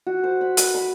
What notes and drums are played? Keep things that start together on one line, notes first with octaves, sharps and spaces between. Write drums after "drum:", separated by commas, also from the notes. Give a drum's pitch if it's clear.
F#4
C5
B5
B4, drum: hi-hat
B5